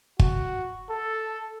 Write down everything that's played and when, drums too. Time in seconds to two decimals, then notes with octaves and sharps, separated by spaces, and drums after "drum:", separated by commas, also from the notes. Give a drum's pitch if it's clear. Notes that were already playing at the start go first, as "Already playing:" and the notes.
0.19 F#4, drum: kick
0.90 A4